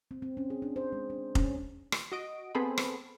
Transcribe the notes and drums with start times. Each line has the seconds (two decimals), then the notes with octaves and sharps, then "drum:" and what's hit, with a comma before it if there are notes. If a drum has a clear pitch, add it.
0.11 C4
0.22 C4
0.37 C#4
0.50 G#4
0.62 D4
0.76 C5
0.92 G#3
1.10 D4
1.35 C#4, drum: kick F1
1.92 drum: rim click
2.12 F#4 D#5 D7
2.55 B3 C4 G#4 A4 C5 B5
2.78 drum: rim click